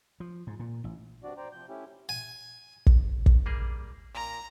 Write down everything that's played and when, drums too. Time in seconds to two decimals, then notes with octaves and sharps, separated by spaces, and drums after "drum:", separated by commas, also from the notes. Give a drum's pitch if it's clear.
0.20 F3
0.47 G#2
0.59 A#2
0.84 A1
1.23 G2 C3 D4 F#4 D5
1.37 C5 D5 G5 A#5
1.52 C3 F3 G6
1.69 A3 C#4 E4 G4
2.09 G#5
2.86 drum: kick
3.26 drum: kick
3.46 G3 A#3 G#4
4.15 A#2 A#4 A#5